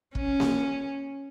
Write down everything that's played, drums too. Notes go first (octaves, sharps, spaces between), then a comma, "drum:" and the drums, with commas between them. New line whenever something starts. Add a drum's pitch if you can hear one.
C#4, drum: kick
drum: snare A#3